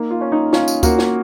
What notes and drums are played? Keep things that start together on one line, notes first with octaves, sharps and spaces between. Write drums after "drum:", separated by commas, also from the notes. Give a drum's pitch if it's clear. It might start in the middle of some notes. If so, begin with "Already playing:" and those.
Already playing: A#3 D#4
F4
C#4
D#4
C#4 F4, drum: snare
drum: tambourine
A#3 F#4, drum: kick D2, tambourine
drum: snare